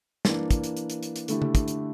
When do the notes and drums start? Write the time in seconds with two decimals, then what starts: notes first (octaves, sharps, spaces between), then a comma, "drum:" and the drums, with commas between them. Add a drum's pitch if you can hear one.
0.25 E3 A#3 D4, drum: snare
0.51 drum: kick, hi-hat
0.64 drum: hi-hat
0.77 drum: hi-hat
0.90 drum: hi-hat
1.03 drum: hi-hat
1.16 drum: hi-hat
1.28 D3 A3 E4 G4, drum: hi-hat
1.42 drum: tom C#3
1.55 drum: kick, hi-hat
1.68 drum: hi-hat